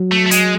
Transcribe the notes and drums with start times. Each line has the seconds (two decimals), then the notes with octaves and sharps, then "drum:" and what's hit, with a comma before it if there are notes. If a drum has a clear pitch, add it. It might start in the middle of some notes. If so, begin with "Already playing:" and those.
Already playing: F#3
0.11 A3
0.26 A3
0.31 G#3, drum: hi-hat